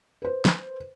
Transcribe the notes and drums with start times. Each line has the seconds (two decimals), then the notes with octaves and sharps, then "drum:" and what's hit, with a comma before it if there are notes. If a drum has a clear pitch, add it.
0.22 B4 C5
0.45 drum: snare